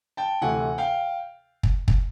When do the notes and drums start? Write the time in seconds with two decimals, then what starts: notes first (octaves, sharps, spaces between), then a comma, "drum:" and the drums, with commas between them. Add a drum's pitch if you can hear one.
0.17 G5 A5
0.41 D2 C3 E3 A3 F#5 G#5
0.78 F5 G5
1.63 drum: kick
1.88 drum: kick